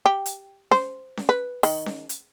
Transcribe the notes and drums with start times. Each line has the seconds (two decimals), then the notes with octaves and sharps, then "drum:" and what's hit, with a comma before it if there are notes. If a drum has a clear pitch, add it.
0.06 G4
0.26 drum: hi-hat
0.71 C5, drum: snare C#4
1.17 drum: snare C#4
1.29 B4
1.63 D#3, drum: open hi-hat
1.86 drum: snare C#4
2.09 drum: hi-hat